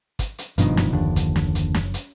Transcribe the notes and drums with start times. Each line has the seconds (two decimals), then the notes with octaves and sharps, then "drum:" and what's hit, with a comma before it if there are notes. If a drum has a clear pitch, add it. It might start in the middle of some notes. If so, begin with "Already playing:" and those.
0.19 drum: kick, hi-hat
0.38 drum: hi-hat
0.58 F#1 G2 B2 D#3 F3 D4, drum: hi-hat
0.77 drum: snare
0.93 D#2 D3
1.16 drum: kick, hi-hat
1.36 drum: snare
1.55 drum: hi-hat
1.74 drum: snare
1.94 drum: hi-hat